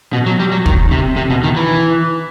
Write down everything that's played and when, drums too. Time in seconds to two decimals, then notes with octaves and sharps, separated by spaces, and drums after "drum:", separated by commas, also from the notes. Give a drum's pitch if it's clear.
0.13 B2
0.26 F#3
0.40 G3
0.52 F#3
0.66 D#3, drum: kick
0.91 C3
1.17 C3
1.30 B2
1.43 D#3
1.56 E3